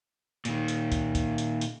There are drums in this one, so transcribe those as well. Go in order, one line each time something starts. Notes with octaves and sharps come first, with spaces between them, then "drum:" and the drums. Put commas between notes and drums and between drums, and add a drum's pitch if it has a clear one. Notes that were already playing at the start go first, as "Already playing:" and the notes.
A#2 D#3, drum: hi-hat
drum: hi-hat
drum: kick C2, hi-hat
drum: kick C2, hi-hat
drum: hi-hat
drum: hi-hat